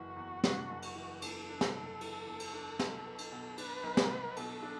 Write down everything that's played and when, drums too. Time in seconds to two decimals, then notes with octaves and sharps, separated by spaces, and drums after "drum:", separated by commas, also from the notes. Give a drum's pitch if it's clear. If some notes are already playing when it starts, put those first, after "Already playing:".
Already playing: F#1 E3 F#4
0.16 E2
0.44 D4, drum: snare
0.69 F#1
0.82 drum: cymbal
0.95 E3
1.22 E2 A4, drum: cymbal
1.48 D4
1.61 drum: snare
1.74 F#1
2.01 E3, drum: cymbal
2.27 E2
2.40 drum: cymbal
2.53 D4
2.79 B1, drum: snare
3.06 B3
3.18 drum: cymbal
3.32 B2
3.58 D4 B4, drum: cymbal
3.83 B1
3.97 drum: snare
4.10 B3
4.36 B2 A4, drum: cymbal
4.63 D4